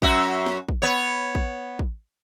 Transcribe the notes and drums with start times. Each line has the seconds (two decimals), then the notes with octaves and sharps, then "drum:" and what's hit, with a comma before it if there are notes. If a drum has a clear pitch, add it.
0.02 F#2 F#4 E5, drum: kick
0.46 drum: snare
0.69 drum: kick
0.82 B3 C#5
1.35 drum: kick
1.79 drum: kick